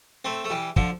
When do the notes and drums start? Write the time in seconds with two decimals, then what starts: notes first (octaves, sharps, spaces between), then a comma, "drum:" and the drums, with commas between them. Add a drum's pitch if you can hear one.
0.25 A3 C4
0.44 A3
0.50 E3 G3
0.76 D3 F3, drum: kick